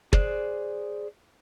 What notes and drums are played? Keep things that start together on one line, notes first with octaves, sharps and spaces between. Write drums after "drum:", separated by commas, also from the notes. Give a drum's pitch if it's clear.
G#4 C5 D5 F#6, drum: kick